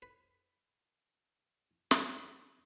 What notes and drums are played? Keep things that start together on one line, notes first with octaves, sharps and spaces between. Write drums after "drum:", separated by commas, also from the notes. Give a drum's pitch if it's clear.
B4
F#3 G#3, drum: snare